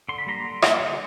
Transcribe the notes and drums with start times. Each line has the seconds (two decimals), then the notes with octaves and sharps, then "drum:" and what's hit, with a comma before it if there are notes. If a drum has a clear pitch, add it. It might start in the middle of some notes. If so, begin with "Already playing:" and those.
0.09 D3 C6
0.18 B5
0.27 G3 A#3 A#5 C6
0.44 D3
0.62 G3 A#3, drum: rim click
0.80 D3